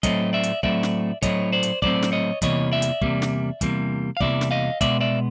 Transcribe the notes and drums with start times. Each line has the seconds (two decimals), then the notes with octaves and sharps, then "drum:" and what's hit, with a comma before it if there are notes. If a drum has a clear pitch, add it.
0.03 A2 F#3 A3 C4 C#5 D#5, drum: kick, hi-hat
0.33 D5 E5
0.43 drum: hi-hat
0.63 A2 F#3 A3 C4 D5 E5, drum: kick
0.83 drum: snare
1.22 A2 F#3 A3 C4 C#5 D#5, drum: kick, hi-hat
1.52 C5 D5
1.63 drum: hi-hat
1.82 A2 F#3 A3 C4 C5 D5, drum: kick
2.02 drum: snare
2.12 C#5 D#5
2.42 E2 C3 E3 G3 A#3 C#5 D#5, drum: kick, hi-hat
2.72 D5 E5
2.82 drum: hi-hat
3.01 E2 C3 E3 G3 A#3, drum: kick
3.22 drum: snare
3.61 E2 C3 E3 G3 A#3, drum: kick, hi-hat
4.17 F5
4.20 E2 C3 E3 G3 A#3 D5 E5, drum: kick
4.41 drum: snare
4.51 D#5 F5
4.81 B2 G#3 B3 D5 E5, drum: kick, hi-hat
5.01 D5 E5